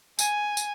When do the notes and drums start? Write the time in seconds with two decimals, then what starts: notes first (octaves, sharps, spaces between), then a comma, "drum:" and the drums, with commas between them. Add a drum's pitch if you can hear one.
0.19 G#5, drum: tambourine
0.57 drum: tambourine